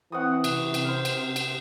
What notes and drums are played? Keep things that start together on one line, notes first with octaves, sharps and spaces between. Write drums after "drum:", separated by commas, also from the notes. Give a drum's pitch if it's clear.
E3 C4 F#5 C#6 D#6
C3, drum: cymbal
drum: cymbal
C5 F5
drum: cymbal
drum: cymbal